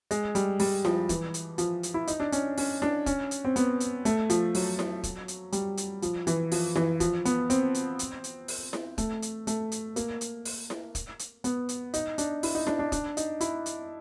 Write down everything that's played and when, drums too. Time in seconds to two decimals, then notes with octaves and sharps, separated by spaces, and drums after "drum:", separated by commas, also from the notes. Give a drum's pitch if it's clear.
0.11 G#3, drum: hi-hat
0.35 G3, drum: hi-hat
0.60 G3, drum: open hi-hat
0.85 F3, drum: snare E4
1.09 E3, drum: kick, hi-hat
1.34 drum: hi-hat
1.58 F3, drum: hi-hat
1.83 drum: hi-hat
1.94 E4
2.07 D#4, drum: hi-hat
2.20 D4
2.32 C#4, drum: hi-hat
2.58 C#4, drum: open hi-hat
2.82 D4, drum: snare E4
3.06 C#4, drum: kick, hi-hat
3.31 drum: hi-hat
3.45 C4
3.56 B3, drum: hi-hat
3.80 drum: hi-hat
4.05 A3, drum: hi-hat
4.30 F3, drum: hi-hat
4.55 F#3, drum: open hi-hat
4.79 drum: snare E4
5.03 drum: kick, hi-hat
5.28 drum: hi-hat
5.52 G3, drum: hi-hat
5.77 drum: hi-hat
6.02 F3, drum: hi-hat
6.27 E3, drum: hi-hat
6.52 F3, drum: open hi-hat
6.76 E3, drum: snare E4
7.00 F3, drum: kick, hi-hat
7.25 B3, drum: hi-hat
7.50 C4, drum: hi-hat
7.74 drum: hi-hat
7.99 drum: hi-hat
8.24 drum: hi-hat
8.48 drum: open hi-hat
8.73 drum: snare E4
8.98 A3, drum: kick, hi-hat
9.22 drum: hi-hat
9.47 A3, drum: hi-hat
9.72 drum: hi-hat
9.96 A#3, drum: hi-hat
10.21 drum: hi-hat
10.45 drum: open hi-hat
10.70 drum: snare E4
10.95 drum: kick, hi-hat
11.19 drum: hi-hat
11.44 B3, drum: hi-hat
11.69 drum: hi-hat
11.94 D#4, drum: hi-hat
12.18 D4, drum: hi-hat
12.43 E4, drum: open hi-hat
12.55 D#4
12.67 D4, drum: snare E4
12.79 D4
12.92 D4, drum: kick, hi-hat
13.17 D#4, drum: hi-hat
13.41 E4, drum: hi-hat
13.66 drum: hi-hat